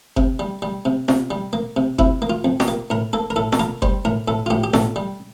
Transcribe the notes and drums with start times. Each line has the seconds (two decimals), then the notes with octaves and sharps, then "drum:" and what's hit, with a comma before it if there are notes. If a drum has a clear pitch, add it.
0.17 C3, drum: kick F#1
0.39 G3
0.62 G3
0.85 C3
1.08 C3, drum: snare
1.31 G3
1.53 A#3
1.76 C3
1.99 C3 E4, drum: kick F#1
2.22 A#3
2.30 F4
2.45 F2
2.60 G4, drum: snare
2.68 A#3
2.90 A2 A#4
3.13 A#3 A4
3.30 A#4
3.36 A2 A4
3.52 A4, drum: snare
3.60 A#3 A#4
3.82 G3 C5, drum: kick F#1
4.05 A2 A#4
4.28 A2 A4
4.46 F4
4.50 A2 G4
4.64 G4
4.73 A2 A4, drum: snare
4.96 G3